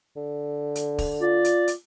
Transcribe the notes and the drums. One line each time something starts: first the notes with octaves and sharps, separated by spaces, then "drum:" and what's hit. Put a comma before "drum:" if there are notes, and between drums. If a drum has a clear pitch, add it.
D3
drum: hi-hat
drum: kick, open hi-hat
F4 D5
drum: hi-hat
drum: hi-hat